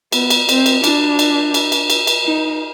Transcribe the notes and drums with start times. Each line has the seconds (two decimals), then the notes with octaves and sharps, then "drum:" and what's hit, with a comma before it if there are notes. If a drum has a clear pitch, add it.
0.12 B3, drum: cymbal
0.30 drum: cymbal
0.49 C4, drum: cymbal
0.66 drum: cymbal
0.84 D4, drum: cymbal
1.19 drum: cymbal
1.54 drum: cymbal
1.72 drum: cymbal
1.90 drum: cymbal
2.07 drum: cymbal
2.26 D#4